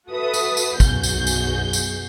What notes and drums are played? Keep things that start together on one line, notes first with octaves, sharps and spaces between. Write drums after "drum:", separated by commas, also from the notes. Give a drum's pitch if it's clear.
F#4 A4 B4 E5 D#6
drum: tambourine
drum: tambourine
B1 F#2 B2 F#4 G#4 G6, drum: kick, tambourine
drum: tambourine
drum: tambourine
drum: tambourine